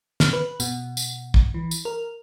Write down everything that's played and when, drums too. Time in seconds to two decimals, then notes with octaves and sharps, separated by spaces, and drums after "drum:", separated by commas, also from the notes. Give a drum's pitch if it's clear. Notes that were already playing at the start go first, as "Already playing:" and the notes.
0.20 F6, drum: snare
0.33 B4
0.60 B2, drum: tambourine
0.97 drum: tambourine
1.34 drum: kick
1.54 E3
1.71 drum: tambourine
1.85 A#4